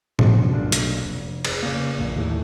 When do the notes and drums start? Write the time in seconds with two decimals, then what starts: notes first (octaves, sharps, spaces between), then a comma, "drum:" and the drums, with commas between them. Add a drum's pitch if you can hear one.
0.19 F#2 C#3 F3 B3, drum: tom A2
0.51 F1 B1 A#2 D4
0.72 drum: hi-hat
1.04 F1
1.45 drum: cymbal
1.63 C#3 A#3
1.98 A#1 F2 A#2
2.15 D#2 A2 E3